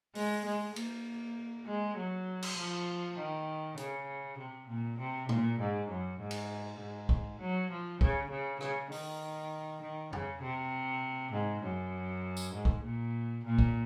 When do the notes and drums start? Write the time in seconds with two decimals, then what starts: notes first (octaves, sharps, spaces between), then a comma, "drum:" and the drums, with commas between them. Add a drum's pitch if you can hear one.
0.15 G#3, drum: open hi-hat
0.46 G#3
0.76 A#3, drum: cymbal
1.66 G#3
1.97 F#3
2.43 drum: cymbal
2.57 F3
3.18 D#3
3.77 C#3, drum: hi-hat
4.38 C3
4.68 A#2
4.99 C3
5.29 A#2, drum: tom
5.60 G#2
5.89 F#2
6.20 G#2
6.31 drum: cymbal
6.80 G#2
7.09 drum: kick
7.40 F#3
7.71 F3
8.01 C#3, drum: kick
8.30 C#3
8.61 C#3, drum: rim click
8.92 D#3, drum: open hi-hat
9.82 D#3
10.13 C#3, drum: tom F2
10.42 C3
11.33 G#2
11.63 F#2
12.37 drum: tambourine
12.54 G#2
12.65 drum: kick
12.84 A#2
13.45 A#2
13.59 drum: kick